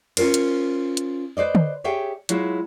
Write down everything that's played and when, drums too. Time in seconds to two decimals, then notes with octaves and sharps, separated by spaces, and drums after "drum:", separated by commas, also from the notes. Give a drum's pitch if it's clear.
0.17 C#4 F4 A4 A#4 C5, drum: cymbal
0.34 drum: hi-hat
0.97 drum: hi-hat
1.37 B4 C5 D5 D#5
1.55 drum: tom D3
1.84 G4 G#4 C#5 E5 G5
2.29 F#3 G#3 E4 F4, drum: hi-hat